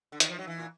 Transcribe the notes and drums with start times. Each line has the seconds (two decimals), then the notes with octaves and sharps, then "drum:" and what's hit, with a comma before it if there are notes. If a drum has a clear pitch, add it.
0.12 D3
0.20 D#3, drum: hi-hat
0.30 F3
0.39 F#3
0.47 E3
0.58 A#2